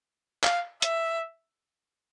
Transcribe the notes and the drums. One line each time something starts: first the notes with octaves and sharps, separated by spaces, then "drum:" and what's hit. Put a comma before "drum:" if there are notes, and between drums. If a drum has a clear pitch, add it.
F5, drum: clap
E5, drum: hi-hat